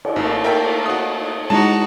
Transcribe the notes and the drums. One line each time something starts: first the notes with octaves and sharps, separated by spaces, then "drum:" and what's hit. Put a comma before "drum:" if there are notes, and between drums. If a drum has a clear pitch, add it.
drum: cymbal
A1 A3 A#3
A#4 E5 G5
F#4 D#6
G#3 D#4 E4 F#4 A5